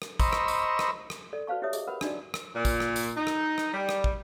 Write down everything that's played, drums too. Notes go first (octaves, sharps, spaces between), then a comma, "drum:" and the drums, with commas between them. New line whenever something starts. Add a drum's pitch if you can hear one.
drum: rim click
C5 D#5 A#5 B5 C#6 E6, drum: kick, tambourine
drum: rim click
drum: tambourine
drum: rim click
drum: rim click
A4 D5
F#4 B4 C5 F5 A5 C#6
E4 G4 B4 C#5 E5 D#6
G#4 D#5, drum: tambourine
A#4 B4 F#5 B5
D4 D#4 F#4 D5, drum: rim click
drum: rim click
A#2
drum: kick, tambourine
drum: rim click
drum: tambourine
D#4
drum: rim click
drum: rim click
G3
drum: rim click
drum: kick